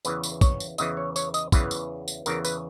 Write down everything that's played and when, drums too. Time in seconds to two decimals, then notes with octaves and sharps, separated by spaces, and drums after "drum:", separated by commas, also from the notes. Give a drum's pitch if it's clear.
0.05 E2 C#3 E3 B4, drum: tambourine
0.23 drum: tambourine
0.41 C#5, drum: kick, tambourine
0.60 drum: tambourine
0.78 E2 C#3 E3 D#5, drum: tambourine
0.97 C#5
1.16 C#5, drum: tambourine
1.34 D#5, drum: tambourine
1.52 E2 C#3 E3 B4, drum: kick, tambourine
1.71 drum: tambourine
2.08 drum: tambourine
2.26 E2 C#3 E3 A#4, drum: tambourine
2.45 B4, drum: tambourine